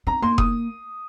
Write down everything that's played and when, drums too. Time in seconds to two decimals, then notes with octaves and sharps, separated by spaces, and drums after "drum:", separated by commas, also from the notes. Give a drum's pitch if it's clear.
0.07 C4 A#5
0.22 A#3 C6
0.38 D#6, drum: kick F1